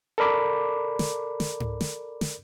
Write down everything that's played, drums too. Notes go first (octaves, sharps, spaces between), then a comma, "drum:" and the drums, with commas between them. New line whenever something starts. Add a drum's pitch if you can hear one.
A4 A#4 D5 B5 D6
drum: snare
drum: snare
drum: tom G#2
drum: snare
drum: snare